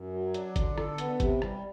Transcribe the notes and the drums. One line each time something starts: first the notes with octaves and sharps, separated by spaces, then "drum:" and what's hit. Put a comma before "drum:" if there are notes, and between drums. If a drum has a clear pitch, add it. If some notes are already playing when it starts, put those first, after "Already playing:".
Already playing: F#2
F#3
D4, drum: hi-hat
D3, drum: kick G1, hi-hat
A4, drum: rim click
B3, drum: hi-hat
C3, drum: kick G1, hi-hat
G3, drum: rim click